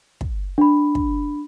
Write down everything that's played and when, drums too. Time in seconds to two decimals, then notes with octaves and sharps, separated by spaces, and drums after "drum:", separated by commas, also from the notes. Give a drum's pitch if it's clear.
0.21 drum: kick
0.58 D4 B5
0.95 drum: kick